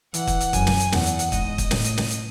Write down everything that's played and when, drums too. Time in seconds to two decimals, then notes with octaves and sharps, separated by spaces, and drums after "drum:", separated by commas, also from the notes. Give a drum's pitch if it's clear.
0.14 E3 F#5, drum: hi-hat
0.27 drum: kick, hi-hat
0.41 drum: hi-hat
0.53 F#2 G#5, drum: kick, hi-hat
0.67 drum: snare
0.80 drum: hi-hat
0.92 E2 F#5, drum: snare
1.06 drum: hi-hat
1.19 drum: hi-hat
1.32 G#2 D#5, drum: kick, hi-hat
1.58 drum: kick, hi-hat
1.71 A2, drum: snare
1.84 drum: hi-hat
1.97 drum: snare
2.11 drum: hi-hat